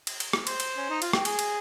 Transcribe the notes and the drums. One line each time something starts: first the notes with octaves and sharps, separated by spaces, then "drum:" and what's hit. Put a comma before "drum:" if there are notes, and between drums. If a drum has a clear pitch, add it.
drum: cymbal
drum: cymbal
drum: rim click
C5, drum: cymbal
drum: cymbal
C#4
D#4
F4, drum: cymbal
G4, drum: rim click
G#4, drum: cymbal
drum: cymbal